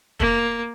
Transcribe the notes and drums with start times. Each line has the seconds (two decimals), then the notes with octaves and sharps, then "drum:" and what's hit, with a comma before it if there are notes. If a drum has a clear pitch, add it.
0.20 A#3, drum: kick